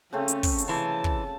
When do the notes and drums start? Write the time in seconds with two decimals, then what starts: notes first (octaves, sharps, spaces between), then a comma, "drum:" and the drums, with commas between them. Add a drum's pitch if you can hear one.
0.13 C#3 A3 C4 C#4
0.28 drum: hi-hat
0.43 drum: kick, open hi-hat
0.58 drum: hi-hat
0.68 C3 E3 A5
1.04 drum: kick